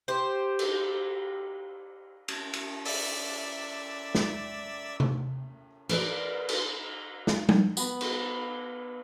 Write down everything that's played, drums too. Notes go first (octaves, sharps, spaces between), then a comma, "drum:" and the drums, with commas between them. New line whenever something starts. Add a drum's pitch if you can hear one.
G4 C5
drum: cymbal
drum: cymbal
drum: cymbal
D5 E5 E6, drum: open hi-hat
drum: snare
drum: tom C3
A#4 B4 D5, drum: cymbal
drum: cymbal
drum: snare
drum: tom G3
B3 B4, drum: tambourine
drum: cymbal